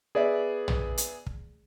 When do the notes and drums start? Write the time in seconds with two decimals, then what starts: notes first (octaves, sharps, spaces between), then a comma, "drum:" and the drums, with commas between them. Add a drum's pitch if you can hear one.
0.15 B3 G#4 D5 E5
0.68 drum: tom
0.98 drum: hi-hat
1.26 drum: kick